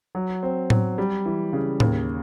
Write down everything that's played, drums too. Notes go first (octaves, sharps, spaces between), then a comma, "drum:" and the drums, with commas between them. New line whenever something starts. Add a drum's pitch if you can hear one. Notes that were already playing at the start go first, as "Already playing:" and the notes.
F#3
C4
F#3, drum: tom A2
G3
E3
C#3
D#2, drum: tom A2